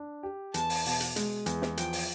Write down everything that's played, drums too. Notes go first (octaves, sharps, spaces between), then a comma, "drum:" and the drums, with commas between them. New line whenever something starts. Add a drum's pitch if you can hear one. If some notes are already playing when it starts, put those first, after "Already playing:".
Already playing: D4
G4
E2 A5, drum: hi-hat
drum: open hi-hat
B2, drum: open hi-hat
drum: hi-hat
G#3, drum: hi-hat
E2, drum: hi-hat
drum: snare
F3 G5, drum: hi-hat
drum: open hi-hat